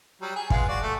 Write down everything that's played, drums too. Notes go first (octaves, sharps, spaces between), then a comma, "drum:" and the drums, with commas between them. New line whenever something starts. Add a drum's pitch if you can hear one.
F#3 G3
G#4
G#3 B3 F4, drum: kick
F#4 D5
A3